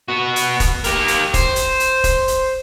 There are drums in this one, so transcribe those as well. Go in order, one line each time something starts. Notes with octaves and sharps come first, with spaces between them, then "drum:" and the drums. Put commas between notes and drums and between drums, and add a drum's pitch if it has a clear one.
B3 F#4
drum: hi-hat
drum: kick E1, hi-hat
A#3 G4, drum: hi-hat
drum: hi-hat
C5, drum: kick E1, hi-hat
drum: hi-hat
drum: hi-hat
drum: kick E1, hi-hat
drum: hi-hat